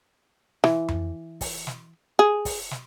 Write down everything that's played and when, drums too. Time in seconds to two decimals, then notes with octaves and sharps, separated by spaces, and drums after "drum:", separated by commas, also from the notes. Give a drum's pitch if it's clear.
0.64 E3, drum: snare
0.88 drum: tom F2
1.41 drum: kick, open hi-hat
1.67 drum: snare
2.19 G#4
2.45 drum: kick, open hi-hat
2.71 drum: snare